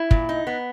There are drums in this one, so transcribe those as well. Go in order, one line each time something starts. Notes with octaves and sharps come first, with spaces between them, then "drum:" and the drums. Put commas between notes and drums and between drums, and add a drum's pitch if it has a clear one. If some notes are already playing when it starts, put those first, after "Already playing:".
Already playing: E4
A#2, drum: kick
D#4
B3